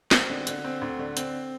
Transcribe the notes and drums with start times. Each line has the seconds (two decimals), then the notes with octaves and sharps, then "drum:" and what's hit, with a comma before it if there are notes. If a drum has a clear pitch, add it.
0.11 C4, drum: snare
0.30 D3
0.47 D3, drum: hi-hat
0.64 C4
0.81 D2
0.99 D3
1.17 C4, drum: hi-hat